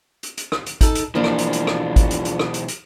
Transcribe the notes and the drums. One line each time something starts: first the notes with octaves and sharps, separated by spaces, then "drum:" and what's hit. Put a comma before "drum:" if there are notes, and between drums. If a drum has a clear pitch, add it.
drum: hi-hat
drum: hi-hat
drum: rim click
drum: hi-hat
D#4 A4, drum: kick, hi-hat
drum: hi-hat
B1 E3 F3 A#3 D4
drum: rim click
drum: hi-hat
drum: hi-hat
drum: rim click
drum: kick, hi-hat
drum: hi-hat
drum: hi-hat
drum: rim click
drum: hi-hat
drum: hi-hat